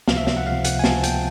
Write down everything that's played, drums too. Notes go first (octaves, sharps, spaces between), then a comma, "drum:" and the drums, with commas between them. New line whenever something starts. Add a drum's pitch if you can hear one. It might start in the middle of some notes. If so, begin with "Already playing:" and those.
C#2 C3 F3 F5, drum: snare
E5
drum: snare
F#5
C#2 C3 F3 F5
F#5, drum: hi-hat
G#5
C#2 C3 F3 A5, drum: snare
G5, drum: hi-hat